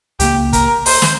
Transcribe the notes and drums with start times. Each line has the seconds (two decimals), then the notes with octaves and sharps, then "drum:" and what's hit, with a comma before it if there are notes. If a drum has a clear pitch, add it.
0.20 C#2 C#3 G3 A#3 G4, drum: hi-hat
0.53 A#4, drum: kick, hi-hat
0.86 C5, drum: open hi-hat
1.02 drum: snare